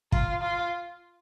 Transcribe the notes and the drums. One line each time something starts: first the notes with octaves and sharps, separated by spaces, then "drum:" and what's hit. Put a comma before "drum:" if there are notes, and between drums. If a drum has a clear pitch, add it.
F4, drum: kick
F4